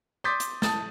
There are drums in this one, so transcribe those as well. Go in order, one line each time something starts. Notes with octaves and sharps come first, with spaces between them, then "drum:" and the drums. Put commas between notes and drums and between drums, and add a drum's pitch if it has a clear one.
C6 D6 D#6 G6 A6 B6
drum: hi-hat
A5 D#6 A6, drum: snare